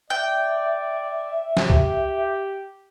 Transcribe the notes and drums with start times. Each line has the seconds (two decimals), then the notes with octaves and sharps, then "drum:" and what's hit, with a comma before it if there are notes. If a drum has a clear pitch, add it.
0.10 D5 E5 G5
1.57 G4, drum: snare
1.70 drum: kick